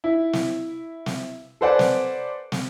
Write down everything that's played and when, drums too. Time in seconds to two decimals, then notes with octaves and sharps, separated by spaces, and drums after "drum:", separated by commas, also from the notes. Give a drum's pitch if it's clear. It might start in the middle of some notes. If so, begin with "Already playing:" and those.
0.04 E4
0.33 drum: snare
1.06 drum: snare
1.61 A4 B4 C5 D5 F#5 G#5
1.79 drum: snare
2.52 drum: snare